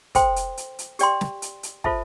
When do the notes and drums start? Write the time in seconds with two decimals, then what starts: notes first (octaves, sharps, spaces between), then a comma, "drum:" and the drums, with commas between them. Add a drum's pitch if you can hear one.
0.15 A4 C5 G5 C6, drum: kick, hi-hat
0.36 drum: hi-hat
0.57 drum: hi-hat
0.79 drum: hi-hat
0.99 G4 D5 G5 C6, drum: hi-hat
1.21 drum: snare
1.42 drum: hi-hat
1.63 drum: hi-hat
1.84 F4 A4 C5 E5 A5, drum: kick